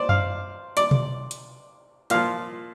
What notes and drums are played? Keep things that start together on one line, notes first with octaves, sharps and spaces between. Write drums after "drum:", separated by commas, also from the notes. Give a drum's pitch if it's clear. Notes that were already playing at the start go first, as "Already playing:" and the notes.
Already playing: C5 D5
F5, drum: tom F#2
D5, drum: hi-hat
drum: tom B2
drum: hi-hat
A#2 F3 F5, drum: hi-hat